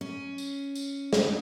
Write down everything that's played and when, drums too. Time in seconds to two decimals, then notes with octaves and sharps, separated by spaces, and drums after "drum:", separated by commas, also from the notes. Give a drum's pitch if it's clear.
0.01 C#4
0.38 drum: tambourine
0.75 drum: tambourine
1.13 drum: snare